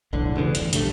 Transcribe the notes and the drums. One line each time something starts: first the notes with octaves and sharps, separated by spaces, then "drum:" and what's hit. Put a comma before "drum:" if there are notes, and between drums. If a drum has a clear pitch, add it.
B1 E2 A2 D3
D2 C#3 E3 D4
G1, drum: hi-hat
B1 D3 G3 A3, drum: hi-hat